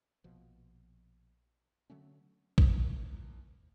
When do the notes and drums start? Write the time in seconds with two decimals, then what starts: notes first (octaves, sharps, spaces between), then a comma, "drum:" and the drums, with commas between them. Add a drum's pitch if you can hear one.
0.24 A#1 B2 F3
1.90 D3 F#3 A3 C#4
2.58 E3 F3 A#3, drum: kick